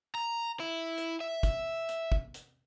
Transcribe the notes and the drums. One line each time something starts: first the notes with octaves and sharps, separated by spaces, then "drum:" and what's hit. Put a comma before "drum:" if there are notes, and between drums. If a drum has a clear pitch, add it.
A#5
E4
drum: hi-hat
E5
drum: kick, hi-hat
drum: hi-hat
drum: kick
drum: hi-hat